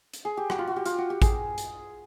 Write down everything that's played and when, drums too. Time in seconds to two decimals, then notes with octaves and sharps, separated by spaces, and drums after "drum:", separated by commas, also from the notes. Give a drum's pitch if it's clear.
0.13 drum: hi-hat
0.25 G#4
0.37 G4
0.50 F#4, drum: rim click
0.59 F4
0.67 F#4
0.76 G4
0.85 F4, drum: hi-hat
0.98 F#4
1.10 G4
1.22 G#4, drum: kick, hi-hat
1.58 drum: hi-hat